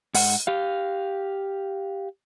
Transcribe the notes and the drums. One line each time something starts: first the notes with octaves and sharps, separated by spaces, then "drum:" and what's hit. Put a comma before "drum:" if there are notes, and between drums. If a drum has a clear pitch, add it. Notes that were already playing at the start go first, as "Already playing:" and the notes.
G#2 F#5, drum: open hi-hat
G4 F5